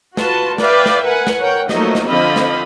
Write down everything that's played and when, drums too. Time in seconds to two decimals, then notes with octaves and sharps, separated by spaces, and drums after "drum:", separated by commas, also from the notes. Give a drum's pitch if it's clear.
0.17 F4 F#4 B4 A5 C6, drum: snare
0.58 B4 D5 E5 F5 G5, drum: snare
0.86 drum: snare
1.03 A#4 B4 F#5 G#5
1.27 drum: snare
1.39 A#4 C#5 F#5 G5
1.69 F3 F#3 A3 A#3 D#4 D#5, drum: snare
1.95 drum: snare
2.07 D3 F3 C4 D#5 F5 B5
2.36 drum: snare